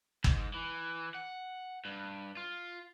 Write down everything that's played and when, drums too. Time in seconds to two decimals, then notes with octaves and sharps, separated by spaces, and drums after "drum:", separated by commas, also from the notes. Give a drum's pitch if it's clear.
0.24 G#2, drum: kick
0.54 E3
1.15 F#5
1.85 G2
2.37 F4